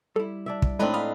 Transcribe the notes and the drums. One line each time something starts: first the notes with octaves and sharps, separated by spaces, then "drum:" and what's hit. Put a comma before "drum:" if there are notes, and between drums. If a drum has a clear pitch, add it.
G3 E4 A4
D4 D5 E5
drum: kick
A2 G#3 C4 D4 D#4 B4 D5
G#2 F5 B5 D#6